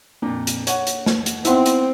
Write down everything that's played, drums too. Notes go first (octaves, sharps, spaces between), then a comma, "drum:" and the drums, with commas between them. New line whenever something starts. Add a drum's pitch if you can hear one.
F2 A#2 A#3 D4
drum: hi-hat
C#5 F#5, drum: hi-hat
drum: hi-hat
drum: snare
drum: hi-hat
B3 C4 D#4 E4 E5 F#5 C6, drum: hi-hat
drum: hi-hat